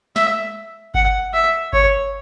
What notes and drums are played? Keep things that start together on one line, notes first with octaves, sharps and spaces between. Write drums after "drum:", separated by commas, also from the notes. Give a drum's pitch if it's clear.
E5, drum: snare
F#5, drum: kick G1
E5
C#5, drum: kick G1